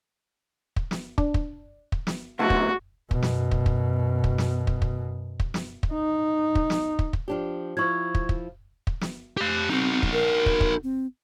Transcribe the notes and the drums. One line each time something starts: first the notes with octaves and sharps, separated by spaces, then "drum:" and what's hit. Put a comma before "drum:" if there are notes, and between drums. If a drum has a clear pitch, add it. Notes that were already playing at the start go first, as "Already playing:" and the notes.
drum: kick
drum: snare
D4, drum: kick
drum: kick
drum: kick
drum: snare
C#2 A2 F#4 F#5 A5
drum: kick
F#2 B2, drum: kick
drum: snare
drum: kick
drum: kick
drum: kick
drum: snare
drum: kick
drum: kick
drum: kick
drum: snare
drum: kick
D#4
drum: kick
drum: snare
drum: kick
drum: kick
F3 D4 G4
F3 E4 C5 C#6 G#6
drum: kick
drum: kick
drum: kick
drum: snare
G4 F5
C4 D#4 F#4
drum: kick
A#4
drum: kick
drum: kick
C4